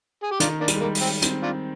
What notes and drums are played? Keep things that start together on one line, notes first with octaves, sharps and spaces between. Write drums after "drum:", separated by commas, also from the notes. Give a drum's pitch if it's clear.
G#4
G4
D#3 D4 F4, drum: hi-hat
A#3 D4
G3, drum: hi-hat
G#3
A#3
G3
G#3, drum: open hi-hat
C4
C4, drum: hi-hat
D4 F4